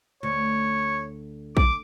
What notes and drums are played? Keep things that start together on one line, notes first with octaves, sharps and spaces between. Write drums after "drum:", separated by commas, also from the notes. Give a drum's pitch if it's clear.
D2 C#5
D6, drum: kick A#1